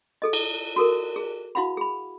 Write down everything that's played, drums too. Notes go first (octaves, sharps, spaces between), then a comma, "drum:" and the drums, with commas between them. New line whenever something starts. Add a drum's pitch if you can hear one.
G#4 A4 D#5
drum: cymbal
F#4 A4 A#4
G#4
E4 F#4 F5 F#5 B5
G#4 B5